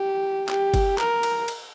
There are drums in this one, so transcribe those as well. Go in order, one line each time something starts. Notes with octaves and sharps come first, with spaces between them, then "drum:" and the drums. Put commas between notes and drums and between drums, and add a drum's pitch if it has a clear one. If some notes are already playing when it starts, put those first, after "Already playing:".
Already playing: G4
G4, drum: clap
drum: kick, cymbal
A#4, drum: clap
drum: cymbal
drum: cymbal